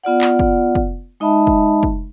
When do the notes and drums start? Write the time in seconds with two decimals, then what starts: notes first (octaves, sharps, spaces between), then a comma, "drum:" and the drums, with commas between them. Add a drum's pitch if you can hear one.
0.04 B3 F4 D5 F#5
0.21 drum: clap
0.39 drum: kick
0.75 drum: kick
1.20 G#3 D#4 D#5 E5 A5 B5
1.47 drum: kick
1.83 drum: kick